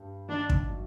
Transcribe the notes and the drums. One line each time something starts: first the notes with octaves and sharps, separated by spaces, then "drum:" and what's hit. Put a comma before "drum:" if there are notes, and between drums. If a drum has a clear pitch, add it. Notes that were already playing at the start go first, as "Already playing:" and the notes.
Already playing: G2 G3
D#3 D4
drum: kick
F#3